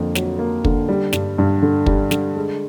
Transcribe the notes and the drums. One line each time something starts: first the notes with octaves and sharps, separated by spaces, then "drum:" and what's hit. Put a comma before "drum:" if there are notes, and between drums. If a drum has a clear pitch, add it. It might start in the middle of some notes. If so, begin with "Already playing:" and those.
Already playing: F2 D3 A#3
F#3, drum: snare
A#3
D3, drum: kick
G3
G2, drum: snare
G2
D3
G3, drum: kick
D3, drum: snare
G#3